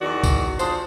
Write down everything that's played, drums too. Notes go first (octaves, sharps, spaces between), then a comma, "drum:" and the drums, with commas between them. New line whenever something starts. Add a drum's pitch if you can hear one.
E2 D#3 F#3 F#4 D5
drum: kick C2, tambourine
D4 F4 G#4 C5, drum: tambourine